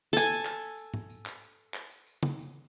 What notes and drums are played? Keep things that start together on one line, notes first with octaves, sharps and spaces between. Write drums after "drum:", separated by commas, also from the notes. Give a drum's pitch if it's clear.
A4 G#5, drum: tambourine
drum: tambourine
drum: clap
drum: tambourine
drum: tambourine
drum: tom
drum: tambourine
drum: clap
drum: tambourine
drum: clap
drum: tambourine
drum: tambourine
drum: tom
drum: tambourine